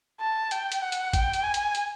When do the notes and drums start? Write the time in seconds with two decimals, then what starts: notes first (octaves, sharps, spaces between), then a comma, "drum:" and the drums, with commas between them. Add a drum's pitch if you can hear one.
0.21 A5
0.51 G5, drum: hi-hat
0.72 drum: hi-hat
0.82 F#5
0.92 drum: hi-hat
1.13 G5, drum: kick A1, hi-hat
1.33 drum: hi-hat
1.43 G#5
1.54 drum: hi-hat
1.75 drum: hi-hat